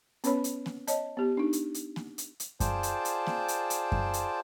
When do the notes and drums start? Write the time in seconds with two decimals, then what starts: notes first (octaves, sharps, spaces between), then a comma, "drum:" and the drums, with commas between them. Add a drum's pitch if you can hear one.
0.24 B3 C#4 B4 C#5 B5, drum: hi-hat
0.44 drum: hi-hat
0.66 drum: snare A#3
0.87 C#5 D#5 A5, drum: hi-hat
1.17 B3 G4
1.37 D4 D#4
1.53 drum: hi-hat
1.74 drum: hi-hat
1.96 drum: snare A#3
2.18 drum: hi-hat
2.40 drum: hi-hat
2.60 F4 G#4 C5 D5 G5 A5, drum: kick F#2, hi-hat
2.83 drum: hi-hat
3.05 drum: hi-hat
3.27 drum: snare A#3
3.48 drum: hi-hat
3.70 drum: hi-hat
3.92 drum: kick F#2
4.14 drum: hi-hat